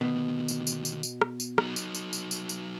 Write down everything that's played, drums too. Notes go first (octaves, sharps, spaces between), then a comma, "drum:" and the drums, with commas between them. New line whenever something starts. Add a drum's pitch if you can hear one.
D2 B2 D#3
drum: tambourine
drum: tambourine
drum: tambourine
drum: tambourine
drum: rim click
drum: tambourine
F#3 D#4, drum: rim click
drum: tambourine
drum: tambourine
drum: tambourine
drum: tambourine
drum: tambourine